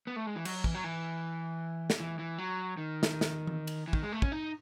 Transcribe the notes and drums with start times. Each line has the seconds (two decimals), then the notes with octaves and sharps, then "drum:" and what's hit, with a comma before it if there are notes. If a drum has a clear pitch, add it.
0.07 B3
0.16 A3
0.26 G#3
0.36 E3
0.45 F#3, drum: cymbal
0.64 E3, drum: kick
0.74 F#3
0.84 E3
1.90 drum: snare
2.00 E3
2.19 E3
2.38 F#3
2.77 D#3
3.03 drum: snare
3.21 drum: snare
3.47 drum: tom E3
3.67 drum: cymbal
3.88 E3
3.93 D#3, drum: kick
4.03 G#3
4.12 A3
4.22 C#4, drum: kick
4.32 D#4